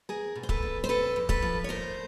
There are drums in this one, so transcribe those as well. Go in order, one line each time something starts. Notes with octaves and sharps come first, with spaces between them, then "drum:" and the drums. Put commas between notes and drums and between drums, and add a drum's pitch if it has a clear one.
E2 G#4 A#4
B2
C5
A4 B4, drum: kick
E2
C5
C3 A4 B4
F2
A4 B4, drum: kick
F3
C#5
A3 A#4 C5